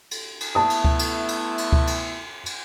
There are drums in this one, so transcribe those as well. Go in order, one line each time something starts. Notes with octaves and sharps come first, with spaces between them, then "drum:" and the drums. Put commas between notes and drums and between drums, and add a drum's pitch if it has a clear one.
drum: cymbal
drum: cymbal
A3 B3 E4 A5 D#6
drum: cymbal
drum: kick C#2
drum: cymbal
drum: cymbal
drum: cymbal
drum: kick C#2
drum: cymbal
drum: cymbal